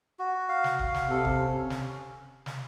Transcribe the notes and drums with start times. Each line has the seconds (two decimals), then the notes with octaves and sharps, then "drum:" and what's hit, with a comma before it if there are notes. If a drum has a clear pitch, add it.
0.19 F#4
0.49 F5
0.64 drum: snare
0.79 F5, drum: kick
0.94 drum: snare
1.09 C3 A4
1.25 drum: kick
1.40 C#4
1.70 drum: snare
2.46 drum: snare